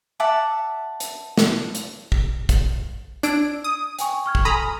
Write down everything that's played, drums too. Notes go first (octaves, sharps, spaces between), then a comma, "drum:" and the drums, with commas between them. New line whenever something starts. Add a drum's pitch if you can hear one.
E5 F#5 A5 D6
drum: hi-hat
drum: snare
drum: hi-hat
drum: kick
drum: kick, hi-hat
D4 E6 G#6 D7, drum: hi-hat
D#6
G5 G#5 C#6, drum: hi-hat
C#6 F6 G#6
drum: kick
A4 G#5 A#5 B5 D#6